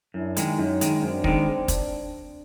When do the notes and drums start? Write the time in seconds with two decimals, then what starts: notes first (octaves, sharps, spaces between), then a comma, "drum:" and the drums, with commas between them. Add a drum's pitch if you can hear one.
0.14 F#2 D4 E4
0.36 D#3 G#3, drum: hi-hat
0.59 F#2 C#4 D#4
0.81 D#3 G#3, drum: hi-hat
1.02 F#2 C4 D4
1.24 D#3 G#3, drum: kick
1.68 drum: kick, hi-hat